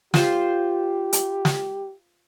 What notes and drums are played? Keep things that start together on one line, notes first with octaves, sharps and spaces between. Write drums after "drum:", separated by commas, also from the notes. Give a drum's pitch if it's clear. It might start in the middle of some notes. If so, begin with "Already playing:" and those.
F4 G4 C5, drum: snare
drum: hi-hat
drum: snare